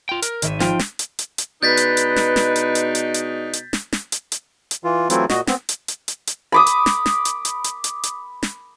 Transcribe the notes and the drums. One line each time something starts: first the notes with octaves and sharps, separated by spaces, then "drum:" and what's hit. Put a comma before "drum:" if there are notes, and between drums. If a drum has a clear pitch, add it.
F4 G5
A#4, drum: hi-hat
G#1 E5 D#7, drum: hi-hat
F3 F4 G5, drum: snare
drum: snare
drum: hi-hat
drum: hi-hat
drum: hi-hat
B2 G#3 D4 D#4 B4 G6 A6 B6
drum: hi-hat
drum: hi-hat
drum: snare
drum: snare
drum: hi-hat
drum: hi-hat
drum: hi-hat
drum: hi-hat
drum: hi-hat
drum: snare
drum: snare
drum: hi-hat
drum: hi-hat
drum: hi-hat
E3 F4
E3 F#3 A3 C4 E4 F4, drum: hi-hat
A#2 F#4 D#5, drum: snare
B3 C4, drum: snare
drum: hi-hat
drum: hi-hat
drum: hi-hat
drum: hi-hat
B5 D6 D#6
drum: hi-hat
drum: snare
drum: snare
drum: hi-hat
drum: hi-hat
drum: hi-hat
drum: hi-hat
drum: hi-hat
drum: snare